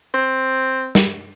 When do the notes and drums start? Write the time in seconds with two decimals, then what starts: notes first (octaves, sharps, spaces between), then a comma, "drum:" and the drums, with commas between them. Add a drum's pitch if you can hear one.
0.14 C4
0.95 drum: snare